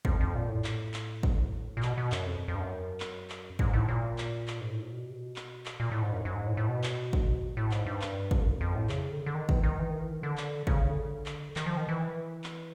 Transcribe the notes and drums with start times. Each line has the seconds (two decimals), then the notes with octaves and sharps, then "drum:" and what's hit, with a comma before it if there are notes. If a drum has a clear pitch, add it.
0.05 F2, drum: kick G#1
0.20 F2
0.35 A#2
0.49 A2
0.64 drum: clap
0.94 drum: clap
1.23 drum: kick G#1
1.77 A#2
1.83 B2, drum: clap
1.98 B2
2.12 F#2, drum: clap
2.26 F2
2.48 F2
2.55 G2
2.60 F#2
3.00 drum: clap
3.30 drum: clap
3.59 G#2, drum: kick G#1
3.73 A2
3.88 A#2
4.18 drum: clap
4.48 drum: clap
4.61 G#2
4.71 A2
4.82 A#2
4.92 B2
5.09 C3
5.15 B2
5.36 drum: clap
5.66 drum: clap
5.80 A#2
5.92 A2
6.02 G#2
6.13 F#2
6.25 F#2
6.35 G#2
6.47 A2
6.57 A2
6.69 B2
6.84 drum: clap
7.13 drum: kick G#1
7.57 A2
7.71 G#2, drum: clap
7.86 G2
8.02 drum: clap
8.31 drum: kick G#1
8.41 F2
8.45 F#2
8.61 F2
8.75 A2
8.89 C#3, drum: clap
9.12 D3
9.26 D3
9.34 D#3
9.49 E3, drum: kick G#1
9.63 D#3
9.79 E3
9.90 D#3
10.01 E3
10.11 D#3
10.23 D3
10.37 drum: clap
10.67 C#3, drum: kick G#1
10.89 D3
11.26 drum: clap
11.56 D#3, drum: clap
11.66 F3
11.77 D#3
11.89 E3
12.44 drum: clap